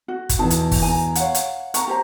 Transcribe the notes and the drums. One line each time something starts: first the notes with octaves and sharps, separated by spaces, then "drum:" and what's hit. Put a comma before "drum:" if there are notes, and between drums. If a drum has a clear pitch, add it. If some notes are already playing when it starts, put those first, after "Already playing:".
F#4
drum: kick, hi-hat
E2 B2 D#4 A5
drum: hi-hat
drum: kick, open hi-hat
G#5 A#5
C#5 F5 F#5, drum: hi-hat
drum: hi-hat
F#5 A#5 C#6, drum: hi-hat
G4 C5 A#5